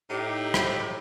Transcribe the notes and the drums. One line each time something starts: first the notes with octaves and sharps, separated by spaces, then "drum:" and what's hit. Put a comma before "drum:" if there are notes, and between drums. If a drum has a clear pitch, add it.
A2 D#4 G4
drum: rim click